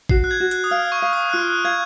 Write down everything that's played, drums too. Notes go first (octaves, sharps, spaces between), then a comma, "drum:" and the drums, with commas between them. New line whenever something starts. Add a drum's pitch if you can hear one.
F#4 C7, drum: kick G#1
F#6
G#6
F#4
F#6, drum: hi-hat
D#6
F5 F6
C#6
F5
D#6
F#6
F4 F6
F#6
F5 G#6